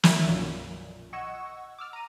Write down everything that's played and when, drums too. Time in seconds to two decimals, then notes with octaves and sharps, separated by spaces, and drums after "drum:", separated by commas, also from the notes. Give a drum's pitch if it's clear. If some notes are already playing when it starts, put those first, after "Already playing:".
0.04 F#3 E5, drum: snare
0.26 B1 F#2 A#2
1.13 D#5 F#5 C#6 E6 G#6
1.79 D6 E6 F6 A6
1.93 A#5 D#7